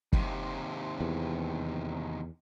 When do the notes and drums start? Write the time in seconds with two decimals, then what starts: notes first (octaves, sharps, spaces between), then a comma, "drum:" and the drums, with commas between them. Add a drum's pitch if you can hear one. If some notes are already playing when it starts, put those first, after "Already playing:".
0.13 D#2 C3, drum: kick
1.00 E2